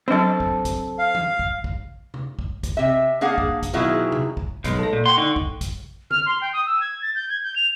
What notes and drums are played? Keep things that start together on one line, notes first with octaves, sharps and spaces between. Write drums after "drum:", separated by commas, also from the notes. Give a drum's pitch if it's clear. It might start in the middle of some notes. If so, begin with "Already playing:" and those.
F#3 C4 D4 A4
drum: kick A1
drum: kick A1, hi-hat
F5
drum: tom E3
drum: kick A1
drum: kick A1
drum: tom C3
drum: kick A1
drum: kick A1, hi-hat
C3 E5
A#3 D4 G#4 F5 F#5
drum: kick A1
drum: kick A1, hi-hat
B2 D#3 F#3 E4 F4 G#4
drum: tom C3
drum: kick A1
B1 G#3, drum: kick A1, hi-hat
A4 A#6
A#2
F#5 G5 C6 C#6
D3 D#4
drum: kick A1
drum: kick A1, hi-hat
F6, drum: tom D3
C6
G5
D#6
E6
G#6
A6
G6
G#6
G6
F7